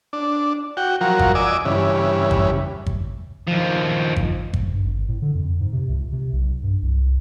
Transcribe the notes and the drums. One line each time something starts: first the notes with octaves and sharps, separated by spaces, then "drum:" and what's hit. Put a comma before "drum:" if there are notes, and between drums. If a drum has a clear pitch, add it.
D4
F#4 G5
F3 F#3 F#4 A#4
drum: kick
D5 D#5 G#5 D6 E6
G2 C#3 E3
drum: kick
drum: kick
D#2 F3
drum: kick
drum: kick
G2
G#1
A2
D3
F2
G#2
C3
C#2
C3
B1
G2
C2